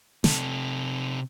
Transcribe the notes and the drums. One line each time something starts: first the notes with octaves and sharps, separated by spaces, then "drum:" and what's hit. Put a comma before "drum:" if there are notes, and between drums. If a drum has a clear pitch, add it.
C3 A4, drum: snare